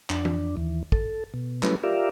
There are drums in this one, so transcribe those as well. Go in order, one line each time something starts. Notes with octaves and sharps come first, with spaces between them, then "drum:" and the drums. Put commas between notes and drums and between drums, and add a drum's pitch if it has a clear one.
F2 D4, drum: clap
drum: tom E3
D#2 E3
A4, drum: kick
B2
F#3 G3 A3 C#4 E4 B4, drum: clap
F4 G4 A#4 D5 E5 F5